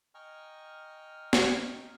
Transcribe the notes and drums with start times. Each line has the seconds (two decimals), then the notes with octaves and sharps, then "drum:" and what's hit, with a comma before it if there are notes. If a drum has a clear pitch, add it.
0.15 D#5 G5 G#5 A#5 C#6 F6
1.33 drum: snare